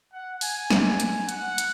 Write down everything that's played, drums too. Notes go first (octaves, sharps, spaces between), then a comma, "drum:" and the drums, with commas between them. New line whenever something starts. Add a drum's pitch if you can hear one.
F#5
G#5, drum: open hi-hat
drum: snare
drum: hi-hat
F#5, drum: hi-hat
drum: hi-hat